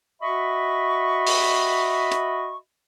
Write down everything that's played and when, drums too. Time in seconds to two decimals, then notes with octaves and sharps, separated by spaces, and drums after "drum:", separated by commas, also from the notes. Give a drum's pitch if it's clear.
0.22 F#4 D#5 E5 B5 C#6
1.27 drum: open hi-hat
2.12 drum: hi-hat